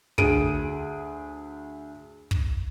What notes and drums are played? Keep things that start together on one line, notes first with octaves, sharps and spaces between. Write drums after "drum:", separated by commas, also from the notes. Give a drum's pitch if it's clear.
D2 G#4 D7 D#7, drum: kick
drum: kick